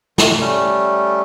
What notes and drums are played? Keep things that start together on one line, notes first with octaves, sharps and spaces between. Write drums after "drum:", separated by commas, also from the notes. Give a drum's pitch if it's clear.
D#3, drum: snare
G3 A3 C#4